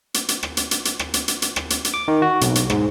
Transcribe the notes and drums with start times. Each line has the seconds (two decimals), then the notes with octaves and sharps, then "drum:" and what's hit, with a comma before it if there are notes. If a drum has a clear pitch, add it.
0.14 drum: hi-hat
0.29 drum: hi-hat
0.43 drum: rim click
0.57 drum: hi-hat
0.71 drum: hi-hat
0.85 drum: hi-hat
0.99 drum: rim click
1.14 drum: hi-hat
1.28 drum: hi-hat
1.42 drum: hi-hat
1.56 drum: rim click
1.70 drum: hi-hat
1.85 drum: hi-hat
1.94 D6
2.08 D#3
2.22 F#4
2.41 B1, drum: hi-hat
2.55 drum: hi-hat
2.70 G#2, drum: rim click